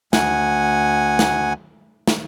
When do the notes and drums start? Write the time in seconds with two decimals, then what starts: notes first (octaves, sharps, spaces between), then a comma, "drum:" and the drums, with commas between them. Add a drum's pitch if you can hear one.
0.13 D2 F#5 G#5, drum: snare
1.19 drum: snare
2.08 drum: snare